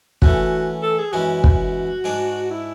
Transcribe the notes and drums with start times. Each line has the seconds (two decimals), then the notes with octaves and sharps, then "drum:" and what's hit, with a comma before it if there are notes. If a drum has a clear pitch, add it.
0.22 E3 A3 C#4 F#4, drum: kick
0.83 A4
0.99 G#4
1.13 F#2 E3 G#3 C#4 F#4
1.44 drum: kick
2.04 G#2 G#3 D4 G#4
2.51 E4